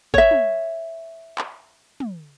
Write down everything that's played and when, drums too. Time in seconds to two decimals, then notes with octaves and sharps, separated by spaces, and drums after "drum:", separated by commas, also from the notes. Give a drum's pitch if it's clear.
0.14 C#5 E5, drum: kick G#1
0.31 drum: tom
1.38 drum: clap
2.00 drum: tom